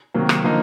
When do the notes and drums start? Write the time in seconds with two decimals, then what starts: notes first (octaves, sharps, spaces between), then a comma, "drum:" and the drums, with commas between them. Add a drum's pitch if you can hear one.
0.14 C3 D#3 F#3 A#3
0.29 drum: rim click
0.44 D3 F3 A#3 D#4